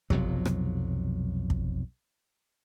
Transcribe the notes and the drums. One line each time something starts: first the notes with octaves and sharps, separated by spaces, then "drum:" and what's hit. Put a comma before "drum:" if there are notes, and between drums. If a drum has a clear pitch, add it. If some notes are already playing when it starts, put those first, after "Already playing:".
B1 F2 C3 F#3, drum: kick
drum: rim click
drum: kick